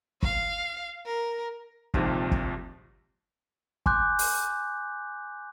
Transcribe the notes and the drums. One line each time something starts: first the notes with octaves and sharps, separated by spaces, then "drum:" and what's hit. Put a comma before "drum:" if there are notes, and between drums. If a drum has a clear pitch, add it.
F5, drum: kick
A#4
A#1 D#2 G#2 C3 F3, drum: kick
drum: kick
G#5 C6 D6 F#6 G6, drum: kick
drum: open hi-hat